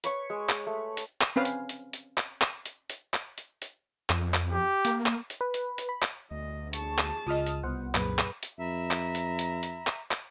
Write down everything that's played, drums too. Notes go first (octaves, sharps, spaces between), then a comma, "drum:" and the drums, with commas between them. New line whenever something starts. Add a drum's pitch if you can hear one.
B4 C#5 C#6, drum: hi-hat
G#3
drum: clap
A3
drum: hi-hat
drum: clap
C4 C#4 B4 F5
drum: hi-hat
drum: hi-hat
drum: hi-hat
drum: clap
drum: clap
drum: hi-hat
drum: hi-hat
drum: clap
drum: hi-hat
drum: hi-hat
F2, drum: clap
drum: clap
G4
A#3, drum: hi-hat
drum: clap
drum: hi-hat
B4
drum: hi-hat
drum: hi-hat
B5
drum: clap
D2 D#5
G#4 A5 C#6, drum: hi-hat
drum: clap
C#2 F4 D#5 D#6 F6
drum: hi-hat
C2 B3 C5 F#5
F#2 A#2 G#4 B4, drum: clap
drum: clap
drum: hi-hat
F2 E5 A#5 B5
drum: clap
drum: hi-hat
drum: hi-hat
drum: hi-hat
drum: clap
drum: clap